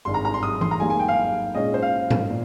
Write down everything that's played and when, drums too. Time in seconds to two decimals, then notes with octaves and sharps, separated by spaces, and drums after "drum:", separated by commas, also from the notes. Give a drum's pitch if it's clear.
0.05 G#1 G2 G3 C6
0.14 A#5
0.25 A#5
0.34 C6
0.43 D#6
0.61 C6, drum: tom E3
0.71 A#5
0.80 G#2 G3 A#3 G#5
0.90 G#5
0.99 G5
1.08 F5
1.55 A#2 G#3 C#4 D#5
1.74 C5
1.82 F5
2.11 drum: tom G#2
2.30 A#2